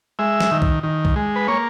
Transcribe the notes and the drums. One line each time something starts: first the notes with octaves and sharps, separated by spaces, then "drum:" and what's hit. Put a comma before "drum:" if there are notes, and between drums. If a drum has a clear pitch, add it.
G#3 E5
drum: snare
D#3
drum: kick
D#3
drum: kick
G#3
B4
A#3 C#5